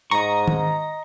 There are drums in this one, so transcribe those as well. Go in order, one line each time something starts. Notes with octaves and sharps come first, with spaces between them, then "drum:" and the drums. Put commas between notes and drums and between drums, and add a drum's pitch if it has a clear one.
G#2 D#5 A#5 C#6
drum: tom D#3